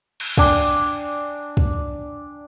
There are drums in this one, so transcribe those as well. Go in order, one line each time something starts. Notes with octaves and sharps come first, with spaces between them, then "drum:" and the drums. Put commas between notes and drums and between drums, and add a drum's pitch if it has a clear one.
drum: cymbal
D4 G5 G#5, drum: kick
drum: kick